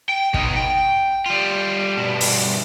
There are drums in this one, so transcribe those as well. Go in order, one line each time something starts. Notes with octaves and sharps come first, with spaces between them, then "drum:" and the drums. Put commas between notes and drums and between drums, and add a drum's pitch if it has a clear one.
G5
B2 D#4, drum: kick
G5
G3 F4
G2 B2
drum: open hi-hat